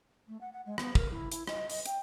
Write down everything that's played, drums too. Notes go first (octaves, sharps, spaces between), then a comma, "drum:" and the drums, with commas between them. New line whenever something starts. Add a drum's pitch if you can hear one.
A3
F#5
F#5
G#3
B3, drum: rim click
A#4, drum: kick
E4
E4, drum: hi-hat
D#5, drum: rim click
D#5, drum: open hi-hat
G5, drum: hi-hat